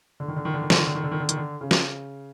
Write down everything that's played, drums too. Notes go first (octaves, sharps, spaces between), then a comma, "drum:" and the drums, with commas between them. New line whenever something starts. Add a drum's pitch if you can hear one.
D3
D#3
D3
D#3
D3
D#3
D3, drum: snare
D#3
D3
D#3
D3
D#3
D3
D#3, drum: hi-hat
D3
C#3
drum: snare